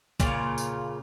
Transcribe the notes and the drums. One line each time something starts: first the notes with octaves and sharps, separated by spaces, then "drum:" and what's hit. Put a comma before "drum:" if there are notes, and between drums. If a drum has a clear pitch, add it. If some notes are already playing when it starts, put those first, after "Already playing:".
A#2 C#3 F4, drum: kick, tambourine
drum: tambourine